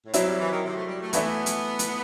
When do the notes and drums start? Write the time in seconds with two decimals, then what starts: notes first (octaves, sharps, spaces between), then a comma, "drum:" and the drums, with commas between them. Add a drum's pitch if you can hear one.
0.06 A2
0.13 B2 F#3 C4 E4, drum: hi-hat
0.26 G3
0.39 E3
0.51 D#3
0.63 C3
0.76 A3
0.88 G3
1.01 A3
1.13 E3 A3 B3 E4, drum: hi-hat
1.46 drum: hi-hat
1.79 drum: hi-hat